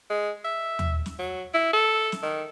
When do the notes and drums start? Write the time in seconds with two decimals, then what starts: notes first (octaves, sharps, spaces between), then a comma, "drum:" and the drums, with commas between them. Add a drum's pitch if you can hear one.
0.10 G#3
0.45 E5
0.79 drum: tom D#2
1.06 drum: snare
1.19 F#3
1.54 E4
1.73 A4
2.12 drum: snare
2.23 D#3